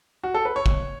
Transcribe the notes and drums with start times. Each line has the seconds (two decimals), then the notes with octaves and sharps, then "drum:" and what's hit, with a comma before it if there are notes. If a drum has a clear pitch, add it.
0.24 F#4
0.34 A4
0.45 B4
0.56 C#5
0.66 drum: kick